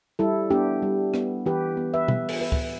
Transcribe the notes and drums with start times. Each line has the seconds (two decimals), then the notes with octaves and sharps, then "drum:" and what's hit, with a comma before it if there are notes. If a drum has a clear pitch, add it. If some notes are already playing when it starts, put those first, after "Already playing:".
0.19 G3 E4 A4
0.50 B3 D4 G4
0.82 G3
1.14 B3, drum: rim click
1.46 E3 G4 B4
1.77 B3
1.94 B4 E5
2.08 B3, drum: tom B2
2.29 drum: open hi-hat
2.40 B3 B4 E5
2.52 drum: kick